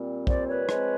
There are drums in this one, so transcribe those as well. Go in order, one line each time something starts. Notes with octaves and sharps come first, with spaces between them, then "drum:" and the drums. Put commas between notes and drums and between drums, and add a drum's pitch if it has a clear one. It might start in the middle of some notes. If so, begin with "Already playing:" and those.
Already playing: A#2 G3 C4
C5 D5, drum: kick
B4 C#5
F3 G#3 C4, drum: rim click